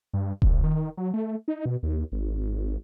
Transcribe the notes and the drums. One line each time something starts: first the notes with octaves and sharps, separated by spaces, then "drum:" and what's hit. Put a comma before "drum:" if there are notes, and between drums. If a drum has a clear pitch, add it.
G2
C2, drum: kick D#1
D#3
F#3
A3
D#4
B2
D#2
G#1